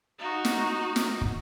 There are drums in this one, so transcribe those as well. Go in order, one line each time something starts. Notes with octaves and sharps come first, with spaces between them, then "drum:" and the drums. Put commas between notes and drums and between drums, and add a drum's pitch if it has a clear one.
D#4 F#4
drum: snare
drum: snare
drum: kick